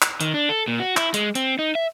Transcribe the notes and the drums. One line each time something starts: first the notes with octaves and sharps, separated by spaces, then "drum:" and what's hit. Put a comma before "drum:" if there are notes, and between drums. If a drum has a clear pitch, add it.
drum: clap
D#3, drum: hi-hat
D4
A4
A#2
F#4
E4, drum: clap
G#3, drum: hi-hat
C4, drum: hi-hat
D#4
E5